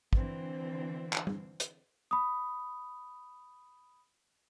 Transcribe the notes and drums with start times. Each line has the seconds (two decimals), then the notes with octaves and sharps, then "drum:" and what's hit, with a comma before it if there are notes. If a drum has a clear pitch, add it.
0.13 D3 E3 C4, drum: kick
1.13 drum: clap
1.27 drum: tom G3
1.60 drum: hi-hat
2.11 B5 D#6